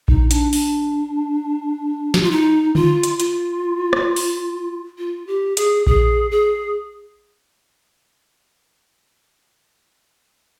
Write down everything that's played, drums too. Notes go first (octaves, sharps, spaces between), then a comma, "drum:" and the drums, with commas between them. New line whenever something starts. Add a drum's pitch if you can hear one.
D#4, drum: kick A#1
D4, drum: hi-hat
D4, drum: open hi-hat
G4, drum: snare
F4
D#4
F4, drum: tom D3
drum: hi-hat
F4, drum: hi-hat
drum: rim click
drum: open hi-hat
F4
G4
G#4, drum: hi-hat
G#4, drum: kick A#1
G#4